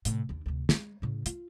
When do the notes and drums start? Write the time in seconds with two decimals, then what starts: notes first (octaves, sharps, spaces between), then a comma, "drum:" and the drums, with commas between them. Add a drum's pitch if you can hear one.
0.05 A2 C3, drum: hi-hat
0.29 D#2 D4
0.46 D2 C3
0.69 G#3, drum: snare
1.02 A2 C#3
1.26 F4, drum: hi-hat